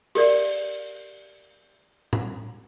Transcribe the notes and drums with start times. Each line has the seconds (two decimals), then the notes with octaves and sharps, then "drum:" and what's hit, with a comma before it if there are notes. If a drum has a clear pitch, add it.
0.15 G4 A#4 D5, drum: open hi-hat
2.13 drum: tom A2